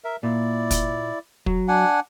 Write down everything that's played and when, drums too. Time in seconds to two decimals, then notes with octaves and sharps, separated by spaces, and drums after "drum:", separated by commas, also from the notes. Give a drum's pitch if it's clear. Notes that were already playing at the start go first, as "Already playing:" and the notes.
0.04 A#4 E5
0.23 A#2 E4 D5
0.71 drum: kick, hi-hat
1.46 F#3, drum: kick
1.68 D4 F#5 G#5